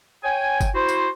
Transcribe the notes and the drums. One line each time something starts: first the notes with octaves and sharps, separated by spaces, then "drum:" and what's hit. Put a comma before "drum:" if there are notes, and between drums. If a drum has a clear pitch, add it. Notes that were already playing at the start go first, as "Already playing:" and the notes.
C#5 G5 G#5
drum: kick G1, tambourine
E4 F#4 C5
drum: tambourine